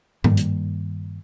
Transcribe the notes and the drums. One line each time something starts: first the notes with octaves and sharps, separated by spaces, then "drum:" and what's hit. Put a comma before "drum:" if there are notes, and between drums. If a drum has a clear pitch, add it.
G2 D#3 G3 A#3, drum: tom G#2
drum: hi-hat